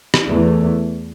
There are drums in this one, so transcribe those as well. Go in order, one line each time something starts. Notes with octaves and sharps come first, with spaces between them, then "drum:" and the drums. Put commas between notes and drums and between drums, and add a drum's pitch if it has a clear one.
drum: rim click
E2 E3 A3